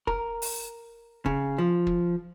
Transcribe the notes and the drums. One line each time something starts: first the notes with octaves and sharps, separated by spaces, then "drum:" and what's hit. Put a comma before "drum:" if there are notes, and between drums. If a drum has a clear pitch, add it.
A#4, drum: kick
drum: open hi-hat
C#3, drum: kick
F3
drum: kick